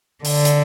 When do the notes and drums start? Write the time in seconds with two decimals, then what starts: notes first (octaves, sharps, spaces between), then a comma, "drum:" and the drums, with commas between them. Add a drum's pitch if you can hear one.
0.25 D3, drum: open hi-hat
0.45 drum: hi-hat